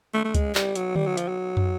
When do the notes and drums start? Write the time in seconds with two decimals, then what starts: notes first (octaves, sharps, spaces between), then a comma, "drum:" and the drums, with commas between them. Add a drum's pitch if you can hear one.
0.14 A3
0.25 A3
0.35 G#3, drum: kick C#2, hi-hat
0.55 G3, drum: clap
0.75 F#3, drum: hi-hat
0.95 G3, drum: tom D3
1.06 F#3
1.17 F3, drum: hi-hat
1.28 F#3
1.57 drum: tom